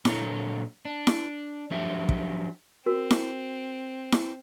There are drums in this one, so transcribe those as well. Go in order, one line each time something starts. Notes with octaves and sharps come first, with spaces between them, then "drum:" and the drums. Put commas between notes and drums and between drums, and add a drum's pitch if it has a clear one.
A#2 F#3 D4 A4 C#5 A#5, drum: snare E4
D4
drum: snare E4
F3 F#3 D4 G4 E5
drum: kick
C4 F#4 A#4
drum: snare E4
drum: snare E4